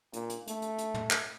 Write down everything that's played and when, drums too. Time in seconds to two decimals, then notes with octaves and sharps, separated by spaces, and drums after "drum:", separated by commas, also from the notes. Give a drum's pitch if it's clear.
0.13 A#2, drum: hi-hat
0.30 drum: hi-hat
0.47 A3, drum: hi-hat
0.62 drum: hi-hat
0.78 drum: hi-hat
0.94 drum: tom
1.11 drum: clap